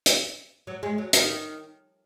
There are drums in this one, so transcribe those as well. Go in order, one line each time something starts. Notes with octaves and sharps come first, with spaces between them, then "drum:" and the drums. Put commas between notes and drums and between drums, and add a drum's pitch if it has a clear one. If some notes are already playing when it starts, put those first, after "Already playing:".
drum: hi-hat
F#3
G#3
F#3
D#3, drum: hi-hat